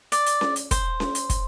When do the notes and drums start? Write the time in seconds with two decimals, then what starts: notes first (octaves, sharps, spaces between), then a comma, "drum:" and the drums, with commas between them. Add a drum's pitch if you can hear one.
0.12 D5, drum: hi-hat
0.26 drum: hi-hat
0.41 drum: snare C#4
0.56 drum: hi-hat
0.71 C5, drum: kick, hi-hat
1.00 drum: snare C#4
1.15 drum: hi-hat
1.30 drum: kick, hi-hat